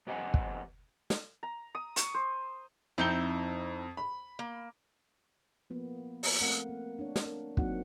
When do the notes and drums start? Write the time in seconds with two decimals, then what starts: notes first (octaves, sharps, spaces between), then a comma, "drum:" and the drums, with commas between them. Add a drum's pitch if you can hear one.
0.07 F2 B3 G4 D#5 F#5 G#5
0.34 drum: kick
1.10 drum: snare
1.43 A#5
1.75 D#6
1.96 C#6, drum: hi-hat
2.14 C5
2.98 F2 C4 D#4 E4 G7
3.97 B5
4.39 A#3
5.70 F3 A#3 B3 F4
6.23 drum: open hi-hat
6.41 A3 A#3 C4 A#4 F5 F#5
6.69 A#3
6.99 D4 C#5
7.16 drum: snare
7.25 A#4
7.57 F#3 A#3 C4 D#4 F#4 F#5, drum: kick